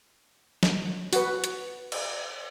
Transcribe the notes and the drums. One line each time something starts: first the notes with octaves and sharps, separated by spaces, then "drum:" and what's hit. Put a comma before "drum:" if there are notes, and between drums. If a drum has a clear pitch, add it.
drum: snare
F#4 B4, drum: open hi-hat
drum: hi-hat
drum: cymbal